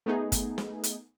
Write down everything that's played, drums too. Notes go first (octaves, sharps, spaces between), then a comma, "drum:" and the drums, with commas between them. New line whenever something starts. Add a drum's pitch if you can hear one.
A3 B3 D#4 G#4
drum: kick, hi-hat
drum: snare
drum: hi-hat